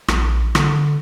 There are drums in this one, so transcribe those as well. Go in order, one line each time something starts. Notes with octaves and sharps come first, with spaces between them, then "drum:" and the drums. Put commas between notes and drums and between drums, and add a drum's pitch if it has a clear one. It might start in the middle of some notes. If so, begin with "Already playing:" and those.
A#1, drum: rim click
D3, drum: rim click